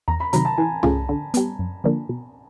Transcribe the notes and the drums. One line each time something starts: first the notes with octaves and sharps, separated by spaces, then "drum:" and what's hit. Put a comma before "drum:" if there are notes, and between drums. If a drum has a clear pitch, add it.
E2 A#5
B5
C3 D#3 F#3 A#5, drum: hi-hat
A5
E3 G#5
A3 C#4 F4 G#4, drum: tom C2
D3
G3 B3, drum: hi-hat
F#2
D3 F3 A#3 D4
B2